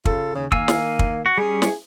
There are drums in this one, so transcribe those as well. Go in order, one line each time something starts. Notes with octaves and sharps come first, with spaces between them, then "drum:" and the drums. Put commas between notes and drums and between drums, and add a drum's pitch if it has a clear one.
C#3 F4 A4, drum: kick
D#2 C#3
D#3 A#3 F5 G#5 E6, drum: kick
drum: snare
drum: kick
F#4
G3 C#4 G#4
drum: snare